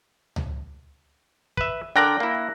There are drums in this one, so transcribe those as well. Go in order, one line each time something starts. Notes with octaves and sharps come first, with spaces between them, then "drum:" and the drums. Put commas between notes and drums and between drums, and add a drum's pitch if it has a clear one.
drum: tom C#2
B4 E5, drum: kick
D3 A#4 D5 G5 F#6 A#6
A#3 E4